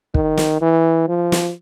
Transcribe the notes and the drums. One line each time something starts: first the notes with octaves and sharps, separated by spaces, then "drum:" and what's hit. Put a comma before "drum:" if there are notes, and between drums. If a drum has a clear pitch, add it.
D#3, drum: kick
drum: snare
E3
F3
drum: snare